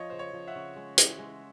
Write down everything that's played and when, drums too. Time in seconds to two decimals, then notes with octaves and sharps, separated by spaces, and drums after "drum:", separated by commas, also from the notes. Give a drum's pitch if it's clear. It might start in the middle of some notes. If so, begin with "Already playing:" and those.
Already playing: F3 C#5 D#5
0.10 C#3 C5
0.19 C#5
0.33 F3
0.47 E5 F#5
0.55 C#3
0.76 G#3
0.98 E3, drum: hi-hat
1.18 G#3